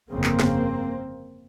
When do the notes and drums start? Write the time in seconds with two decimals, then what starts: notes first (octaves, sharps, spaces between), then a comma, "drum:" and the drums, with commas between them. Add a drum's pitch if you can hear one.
0.11 G1 F2 C#3 A#3 C4
0.24 drum: clap
0.40 drum: snare